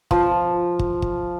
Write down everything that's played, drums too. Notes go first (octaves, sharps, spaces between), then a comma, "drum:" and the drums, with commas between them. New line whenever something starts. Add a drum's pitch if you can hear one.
F3, drum: kick
drum: kick
drum: kick